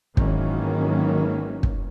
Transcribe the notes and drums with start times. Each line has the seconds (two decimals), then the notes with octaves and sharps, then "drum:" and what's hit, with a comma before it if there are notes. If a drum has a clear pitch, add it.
0.17 G#1 D#3 E3 F#3 A#3 C#4, drum: kick
1.63 drum: kick